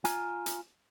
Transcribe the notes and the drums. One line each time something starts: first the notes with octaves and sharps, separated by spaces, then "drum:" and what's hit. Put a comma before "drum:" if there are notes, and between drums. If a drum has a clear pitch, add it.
F4 G#5 A#5, drum: hi-hat
drum: hi-hat